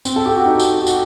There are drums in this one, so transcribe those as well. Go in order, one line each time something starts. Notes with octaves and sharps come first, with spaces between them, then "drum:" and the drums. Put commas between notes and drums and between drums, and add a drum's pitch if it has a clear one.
C4, drum: tambourine
A4
G4
F#4
D#4
drum: tambourine
G4
F#4, drum: tambourine